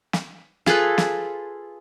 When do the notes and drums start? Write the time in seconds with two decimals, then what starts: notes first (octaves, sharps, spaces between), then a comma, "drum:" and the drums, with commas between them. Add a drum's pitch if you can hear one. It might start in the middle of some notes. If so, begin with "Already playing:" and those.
0.13 drum: snare
0.66 F4 G#4 A4 B4, drum: snare
0.98 drum: snare